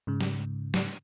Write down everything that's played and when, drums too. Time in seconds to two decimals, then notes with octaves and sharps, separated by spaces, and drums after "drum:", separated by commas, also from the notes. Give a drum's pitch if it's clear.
0.07 G#2 C#3
0.21 drum: snare
0.74 drum: snare